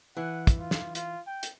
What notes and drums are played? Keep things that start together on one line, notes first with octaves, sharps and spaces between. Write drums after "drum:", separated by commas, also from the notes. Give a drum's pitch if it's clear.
E3 F#5
drum: kick, hi-hat
F4
drum: snare
F4, drum: hi-hat
G5
drum: hi-hat